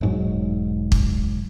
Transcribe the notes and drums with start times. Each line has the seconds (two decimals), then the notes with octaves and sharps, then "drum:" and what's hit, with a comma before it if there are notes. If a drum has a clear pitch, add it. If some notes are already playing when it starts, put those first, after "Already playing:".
0.01 E1 G#2 F#3
0.92 drum: kick